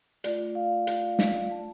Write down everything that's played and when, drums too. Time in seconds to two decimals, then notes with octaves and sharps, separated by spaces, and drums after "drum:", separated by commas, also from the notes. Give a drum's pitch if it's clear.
0.24 A3 F4 D5, drum: hi-hat
0.55 F5
0.87 drum: hi-hat
1.19 F5, drum: snare
1.50 A3 D4 F4 A5